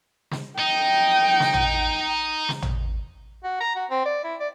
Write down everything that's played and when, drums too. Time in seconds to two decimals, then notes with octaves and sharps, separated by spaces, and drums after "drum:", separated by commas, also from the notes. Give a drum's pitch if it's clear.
0.31 drum: snare
0.60 D#4 G5
1.40 drum: snare
1.54 drum: tom
2.49 drum: snare
2.62 drum: tom
3.44 F#4
3.61 A#5
3.76 F#4
3.90 C4
4.06 D5
4.24 E4
4.40 D5